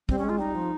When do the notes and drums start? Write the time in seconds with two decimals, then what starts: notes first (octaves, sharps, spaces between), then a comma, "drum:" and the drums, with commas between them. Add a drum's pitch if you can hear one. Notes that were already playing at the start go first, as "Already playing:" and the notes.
0.09 G3 C4, drum: kick
0.19 C#4
0.24 G#3
0.29 F4
0.39 G3 D#4
0.55 F3